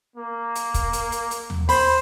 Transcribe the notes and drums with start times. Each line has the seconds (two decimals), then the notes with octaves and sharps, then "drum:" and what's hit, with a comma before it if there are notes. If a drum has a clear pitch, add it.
0.16 A#3
0.56 drum: hi-hat
0.74 drum: kick, hi-hat
0.93 drum: hi-hat
1.12 drum: hi-hat
1.31 drum: hi-hat
1.50 drum: tom D#2
1.69 C5 B5, drum: open hi-hat